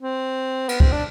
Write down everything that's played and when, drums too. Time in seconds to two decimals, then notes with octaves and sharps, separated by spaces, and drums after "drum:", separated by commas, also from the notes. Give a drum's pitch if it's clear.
0.01 C4
0.69 B3, drum: cymbal
0.80 C4, drum: kick
0.92 D4